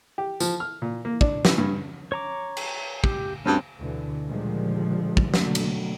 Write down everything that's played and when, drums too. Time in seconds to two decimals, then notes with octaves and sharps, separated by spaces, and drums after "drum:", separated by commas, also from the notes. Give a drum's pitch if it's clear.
0.18 G4
0.40 F3, drum: tambourine
0.60 F6
0.82 A#2
1.05 A#3
1.21 D4, drum: kick
1.45 E3, drum: snare
1.58 G2
2.12 C#5 A#5 D6
2.57 drum: cymbal
3.04 G4, drum: kick
3.46 D2 G2 C4 C#4
3.79 D2 B2 D3 E3
4.27 A#2 D3 D#3 F3 G3 G#3
5.17 drum: kick
5.34 B2 D3 F#3 A3 A#3, drum: snare
5.55 drum: cymbal